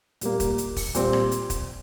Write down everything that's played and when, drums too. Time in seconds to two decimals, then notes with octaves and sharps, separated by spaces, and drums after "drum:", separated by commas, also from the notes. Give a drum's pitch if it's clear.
0.21 A#2 G3 A#3, drum: hi-hat
0.40 drum: kick, hi-hat
0.58 drum: hi-hat
0.76 drum: kick, open hi-hat
0.95 A#2 G3 C4, drum: hi-hat
1.13 drum: rim click
1.31 drum: hi-hat
1.50 drum: kick, hi-hat